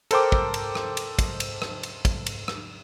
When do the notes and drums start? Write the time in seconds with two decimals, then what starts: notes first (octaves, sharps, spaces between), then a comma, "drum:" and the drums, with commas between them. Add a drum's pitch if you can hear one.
0.11 A4 A#4 C5 G5 D6, drum: cymbal
0.32 drum: kick
0.54 drum: cymbal
0.75 drum: rim click
0.97 drum: cymbal
1.19 drum: kick, cymbal
1.40 drum: cymbal
1.62 drum: rim click
1.83 drum: cymbal
2.05 drum: kick, cymbal
2.26 drum: cymbal
2.48 drum: rim click